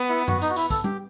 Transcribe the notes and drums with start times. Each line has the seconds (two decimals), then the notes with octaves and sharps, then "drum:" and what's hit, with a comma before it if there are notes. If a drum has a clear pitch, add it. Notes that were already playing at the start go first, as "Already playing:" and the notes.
Already playing: B3
0.09 E4
0.28 F#4, drum: tom F#2
0.41 D#4, drum: tambourine
0.50 F#4
0.56 E4, drum: tambourine
0.70 A4, drum: kick, tambourine
0.84 G4, drum: tom G3